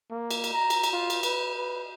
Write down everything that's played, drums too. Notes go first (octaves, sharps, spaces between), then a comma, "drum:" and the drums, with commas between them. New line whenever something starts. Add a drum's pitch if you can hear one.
A#3
drum: cymbal
drum: cymbal
A#5
drum: cymbal
drum: cymbal
F4
drum: cymbal
B4, drum: cymbal
B4